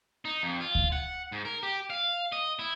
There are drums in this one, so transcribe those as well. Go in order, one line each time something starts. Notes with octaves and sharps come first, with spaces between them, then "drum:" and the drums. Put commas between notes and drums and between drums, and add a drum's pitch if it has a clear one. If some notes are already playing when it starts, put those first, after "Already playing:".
D#4
F2
F4
drum: kick D2
F#5
G#2
A#4
G4
F5
D#5
E4